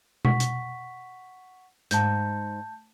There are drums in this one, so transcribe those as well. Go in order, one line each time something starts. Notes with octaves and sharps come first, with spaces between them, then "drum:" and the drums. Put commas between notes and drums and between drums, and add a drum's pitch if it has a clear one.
F#5 C#6 B6, drum: tom B2
drum: hi-hat
G#2 A5 G6, drum: hi-hat